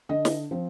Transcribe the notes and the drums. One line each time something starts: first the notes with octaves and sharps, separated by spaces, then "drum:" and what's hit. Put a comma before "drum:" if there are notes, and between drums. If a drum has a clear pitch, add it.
D3 D#5
drum: snare
F3 C4